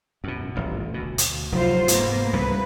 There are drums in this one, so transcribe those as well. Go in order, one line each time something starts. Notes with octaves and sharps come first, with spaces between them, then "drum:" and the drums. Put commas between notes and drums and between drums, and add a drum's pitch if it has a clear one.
F#2 B2
D#1 A1 G2
D2 B2
drum: hi-hat
F1 F#3 F4 C5
G#2 A#3 B3, drum: hi-hat
C2 G2 C#3 B4